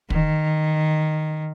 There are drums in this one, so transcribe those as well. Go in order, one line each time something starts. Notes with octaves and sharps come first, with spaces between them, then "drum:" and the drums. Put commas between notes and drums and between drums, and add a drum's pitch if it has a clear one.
D#3, drum: kick